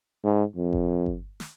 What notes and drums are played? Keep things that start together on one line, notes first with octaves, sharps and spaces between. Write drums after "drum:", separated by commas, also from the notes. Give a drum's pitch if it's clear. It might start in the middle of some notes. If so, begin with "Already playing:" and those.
G#2
F2
drum: kick G1
drum: kick G1
drum: snare